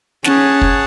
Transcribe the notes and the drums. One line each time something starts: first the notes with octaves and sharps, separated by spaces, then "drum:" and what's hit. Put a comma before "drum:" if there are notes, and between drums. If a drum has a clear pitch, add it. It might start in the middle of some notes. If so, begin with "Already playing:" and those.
C#4 G#4 C#5 F#5 A5, drum: snare
drum: kick